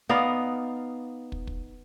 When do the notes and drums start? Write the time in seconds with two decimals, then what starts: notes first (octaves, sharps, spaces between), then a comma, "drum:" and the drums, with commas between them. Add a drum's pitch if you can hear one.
0.09 B3 D#4 D5 F5
1.32 drum: kick
1.47 drum: kick